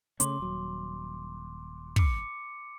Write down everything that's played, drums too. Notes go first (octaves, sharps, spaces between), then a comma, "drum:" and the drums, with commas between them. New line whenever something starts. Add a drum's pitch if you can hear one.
C#3 A3 C#4 C6 D6, drum: hi-hat
D#1 F#3
D6 C#7, drum: kick